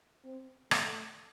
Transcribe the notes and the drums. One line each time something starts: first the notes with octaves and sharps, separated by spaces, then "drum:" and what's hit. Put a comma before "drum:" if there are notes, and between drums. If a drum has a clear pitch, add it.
C4
A3, drum: rim click